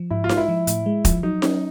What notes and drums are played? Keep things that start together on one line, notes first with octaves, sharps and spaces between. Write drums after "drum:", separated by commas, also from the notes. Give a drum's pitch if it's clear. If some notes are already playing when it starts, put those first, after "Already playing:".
Already playing: F3
G#2 E4
F4
G#3, drum: snare D#4
E4
F3
A2, drum: hi-hat
G#3
F3, drum: kick, hi-hat
F#3 D#4
C#4, drum: snare D#4